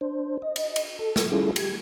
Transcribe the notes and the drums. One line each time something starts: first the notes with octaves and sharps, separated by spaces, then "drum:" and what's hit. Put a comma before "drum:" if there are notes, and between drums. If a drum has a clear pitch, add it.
D4 C5
D#5
drum: cymbal
drum: cymbal
A4
drum: snare
G3 C#4 E4 F4 G#4 A4
G4 G#6, drum: cymbal